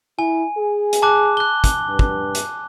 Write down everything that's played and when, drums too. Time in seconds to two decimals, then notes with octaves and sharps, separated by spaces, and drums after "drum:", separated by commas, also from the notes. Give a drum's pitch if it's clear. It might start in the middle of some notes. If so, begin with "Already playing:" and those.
0.19 E4 G#5
0.57 G#4
0.93 drum: hi-hat
1.02 A5 D6 F#6
1.37 F#6 G7
1.64 drum: kick, hi-hat
1.89 G2
1.99 drum: kick
2.35 drum: hi-hat